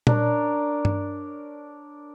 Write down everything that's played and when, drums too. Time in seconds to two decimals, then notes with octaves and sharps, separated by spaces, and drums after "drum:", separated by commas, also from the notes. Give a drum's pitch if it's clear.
0.07 D4 A#4 C#5, drum: tom A#2
0.85 drum: tom G2